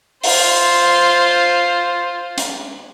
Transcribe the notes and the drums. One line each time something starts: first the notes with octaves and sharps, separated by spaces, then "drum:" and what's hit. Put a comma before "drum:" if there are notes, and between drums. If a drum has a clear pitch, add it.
F4 C5, drum: open hi-hat
drum: hi-hat